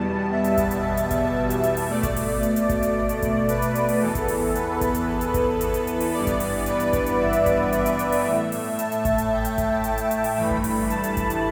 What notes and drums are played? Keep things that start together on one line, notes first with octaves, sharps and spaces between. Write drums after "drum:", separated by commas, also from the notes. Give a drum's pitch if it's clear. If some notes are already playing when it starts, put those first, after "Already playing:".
Already playing: E2 B2 G3 B3 A5
E5
drum: hi-hat
drum: kick G#1, hi-hat
drum: hi-hat
drum: hi-hat
drum: kick G#1, hi-hat
drum: hi-hat
drum: hi-hat
drum: open hi-hat
B2 A3 D5
drum: kick G#1, hi-hat
drum: open hi-hat
drum: hi-hat
drum: hi-hat
drum: kick G#1, hi-hat
drum: hi-hat
drum: hi-hat
drum: kick G#1, hi-hat
B4, drum: hi-hat
drum: hi-hat
drum: hi-hat
drum: open hi-hat
E2 E3 B3 A4
drum: kick G#1, hi-hat
drum: open hi-hat
B4, drum: hi-hat
drum: kick G#1, hi-hat
drum: hi-hat
drum: hi-hat
drum: kick G#1, hi-hat
drum: hi-hat
drum: hi-hat
drum: hi-hat
drum: open hi-hat
G2 E3 B3 D5
drum: kick G#1, hi-hat
drum: open hi-hat
B4, drum: hi-hat
drum: hi-hat
drum: kick G#1, hi-hat
drum: hi-hat
E5
drum: hi-hat
drum: kick G#1, hi-hat
drum: hi-hat
drum: hi-hat
drum: hi-hat
drum: open hi-hat
A3
A2
drum: open hi-hat
A5, drum: hi-hat
drum: hi-hat
drum: kick G#1, hi-hat
drum: hi-hat
G5
drum: hi-hat
drum: kick G#1, hi-hat
A5, drum: hi-hat
drum: hi-hat
drum: hi-hat
drum: open hi-hat
G2 E3 A3 B5
drum: kick G#1
drum: open hi-hat
A5, drum: hi-hat
drum: hi-hat
drum: kick G#1, hi-hat
drum: hi-hat